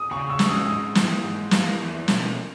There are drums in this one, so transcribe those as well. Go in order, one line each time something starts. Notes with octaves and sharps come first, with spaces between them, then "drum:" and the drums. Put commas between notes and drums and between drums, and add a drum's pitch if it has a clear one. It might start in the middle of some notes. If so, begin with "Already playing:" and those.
Already playing: D#6
C#3 C#6
E6
G#3 C#4 F#4, drum: snare
D#6
G#2 D#6
E3 A#3, drum: snare
G#2
E3 A#3, drum: snare
E2
B2 A#3 C#4, drum: snare